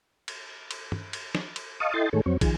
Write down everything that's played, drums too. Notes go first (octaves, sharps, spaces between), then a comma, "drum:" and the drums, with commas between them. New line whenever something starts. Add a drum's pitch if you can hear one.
drum: cymbal
drum: cymbal
drum: tom
drum: cymbal
drum: snare
drum: cymbal
D#5 F5 A5 C#6 D#6
E4 A4 D#5 G5 C6 A6
G#2 D#3 A3 G#4 A4 C#5
F2 F#3 C4 C#5
D#3 F3 G#4, drum: kick, cymbal